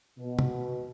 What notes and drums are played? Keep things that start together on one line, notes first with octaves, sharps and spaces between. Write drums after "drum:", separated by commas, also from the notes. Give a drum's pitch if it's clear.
B2
drum: tom